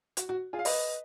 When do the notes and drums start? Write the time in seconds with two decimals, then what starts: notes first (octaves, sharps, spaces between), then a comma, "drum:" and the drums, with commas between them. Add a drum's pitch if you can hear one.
0.17 F#4, drum: hi-hat
0.29 F#4
0.53 F4 G#4
0.59 F5
0.65 B4 D#5, drum: open hi-hat